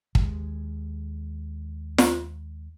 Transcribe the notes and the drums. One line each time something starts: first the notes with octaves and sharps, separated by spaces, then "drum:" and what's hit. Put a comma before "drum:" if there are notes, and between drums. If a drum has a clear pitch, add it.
D#2 G#3, drum: kick
drum: snare